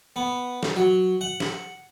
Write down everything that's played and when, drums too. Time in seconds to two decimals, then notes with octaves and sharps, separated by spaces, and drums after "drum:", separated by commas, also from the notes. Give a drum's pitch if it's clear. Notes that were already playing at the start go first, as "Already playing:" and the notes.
0.16 B3
0.63 drum: snare
0.76 F#3
1.21 F#5
1.40 drum: snare